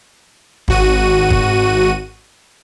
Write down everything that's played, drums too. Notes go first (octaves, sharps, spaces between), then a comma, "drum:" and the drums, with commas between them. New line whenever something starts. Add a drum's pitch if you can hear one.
G#1 F#4 D#7, drum: kick
drum: kick